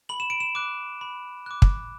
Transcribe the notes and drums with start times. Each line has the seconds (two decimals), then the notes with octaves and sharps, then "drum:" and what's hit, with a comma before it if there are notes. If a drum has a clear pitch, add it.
0.09 B5 F#7
0.20 E7
0.30 D7
0.40 E7
0.55 D6 F#6
1.01 B5
1.46 D6 F#6
1.62 drum: kick